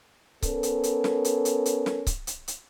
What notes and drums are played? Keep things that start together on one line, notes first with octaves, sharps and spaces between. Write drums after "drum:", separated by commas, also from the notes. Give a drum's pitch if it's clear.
B3 C#4 A4 A#4, drum: kick C#1, hi-hat
drum: hi-hat
drum: hi-hat
drum: snare
drum: hi-hat
drum: hi-hat
drum: hi-hat
drum: snare
drum: kick C#1, hi-hat
drum: hi-hat
drum: hi-hat